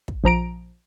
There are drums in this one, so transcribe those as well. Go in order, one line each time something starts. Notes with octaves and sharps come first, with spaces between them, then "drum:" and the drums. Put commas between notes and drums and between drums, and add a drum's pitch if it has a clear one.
drum: kick
A#1 F3 A#5 D7